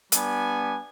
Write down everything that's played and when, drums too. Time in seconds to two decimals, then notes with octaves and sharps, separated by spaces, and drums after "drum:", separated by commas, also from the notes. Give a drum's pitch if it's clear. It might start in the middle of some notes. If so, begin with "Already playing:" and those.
0.12 G3 B3 D4 G#5, drum: hi-hat